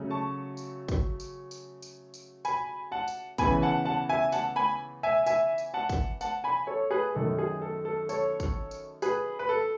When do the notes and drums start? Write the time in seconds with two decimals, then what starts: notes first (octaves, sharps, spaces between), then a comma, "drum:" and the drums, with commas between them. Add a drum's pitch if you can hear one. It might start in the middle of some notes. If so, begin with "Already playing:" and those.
Already playing: C#3 F#3 A3
0.10 A5 C#6
0.57 drum: tambourine
0.88 drum: kick, tambourine
1.20 drum: tambourine
1.51 drum: tambourine
1.82 drum: tambourine
2.14 drum: tambourine
2.45 G#5 B5, drum: tambourine
2.92 F#5 A5
3.08 drum: tambourine
3.38 C#3 E3 B3 G#5 B5, drum: kick, tambourine
3.62 F#5 A5
3.85 F#5 A5
4.09 E5 G#5
4.32 F#5 A5, drum: tambourine
4.56 G#5 B5
5.03 E5 G#5
5.26 E5 G#5, drum: tambourine
5.58 drum: tambourine
5.74 F#5 A5
5.89 drum: kick, tambourine
6.21 F#5 A5, drum: tambourine
6.44 G#5 B5
6.67 A4 C#5
6.91 G#4 B4
7.14 F#2 D#3 A3 A4
7.39 G#4
7.62 A4
7.85 A4
8.09 A4 C#5, drum: tambourine
8.40 drum: kick, tambourine
8.71 drum: tambourine
9.02 G#4 B4, drum: tambourine
9.39 B4
9.49 A4